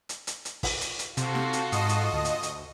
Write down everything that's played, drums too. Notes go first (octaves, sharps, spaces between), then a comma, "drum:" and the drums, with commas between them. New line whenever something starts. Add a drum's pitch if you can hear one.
drum: hi-hat
drum: hi-hat
drum: hi-hat
drum: kick, open hi-hat
drum: hi-hat
drum: hi-hat
C3 F4 F#4 A4, drum: hi-hat
drum: snare
drum: hi-hat
G#2 D#5 D#6, drum: hi-hat
drum: hi-hat
D2
drum: hi-hat
drum: hi-hat